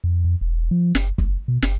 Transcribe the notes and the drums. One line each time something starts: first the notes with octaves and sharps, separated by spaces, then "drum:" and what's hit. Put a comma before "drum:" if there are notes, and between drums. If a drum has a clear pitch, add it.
F2
F2
E1
F3
F#1, drum: snare
F#1, drum: kick
B2
F#1, drum: snare